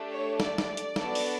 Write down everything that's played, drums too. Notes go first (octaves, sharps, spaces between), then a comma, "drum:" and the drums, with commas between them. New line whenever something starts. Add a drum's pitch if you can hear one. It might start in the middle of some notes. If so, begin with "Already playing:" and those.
Already playing: A3 D4 G4
C#5
D5, drum: snare
drum: snare
drum: hi-hat
B3 D4 F#4 A4, drum: snare
drum: open hi-hat